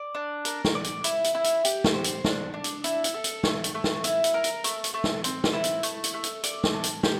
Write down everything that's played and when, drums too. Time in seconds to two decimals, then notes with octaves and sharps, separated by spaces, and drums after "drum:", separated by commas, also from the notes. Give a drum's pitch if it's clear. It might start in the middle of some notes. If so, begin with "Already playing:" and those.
Already playing: D5
0.15 D4
0.45 A#4, drum: hi-hat
0.64 drum: snare
0.75 D5
0.84 drum: hi-hat
1.04 E4, drum: hi-hat
1.24 drum: hi-hat
1.35 E4
1.44 drum: hi-hat
1.65 G4, drum: hi-hat
1.84 drum: snare
1.94 C5
2.04 drum: hi-hat
2.24 D4, drum: snare
2.54 D4
2.64 drum: hi-hat
2.84 E4, drum: hi-hat
3.04 drum: hi-hat
3.14 A4
3.24 drum: hi-hat
3.43 A3, drum: snare
3.64 drum: hi-hat
3.75 A3
3.84 drum: snare
4.04 E4, drum: hi-hat
4.24 drum: hi-hat
4.34 A#4
4.44 drum: hi-hat
4.64 A3, drum: hi-hat
4.84 drum: hi-hat
4.94 A3
5.04 drum: snare
5.24 C4, drum: hi-hat
5.44 drum: snare
5.53 E4
5.64 drum: hi-hat
5.83 A3, drum: hi-hat
6.04 drum: hi-hat
6.14 A3
6.24 drum: hi-hat
6.44 D5, drum: hi-hat
6.64 drum: snare
6.74 A5
6.84 drum: hi-hat
7.03 G4, drum: snare